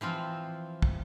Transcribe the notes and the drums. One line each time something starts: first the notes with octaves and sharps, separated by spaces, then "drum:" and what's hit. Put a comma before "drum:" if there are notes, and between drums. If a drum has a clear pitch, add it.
E3 F3 C4 F4
drum: kick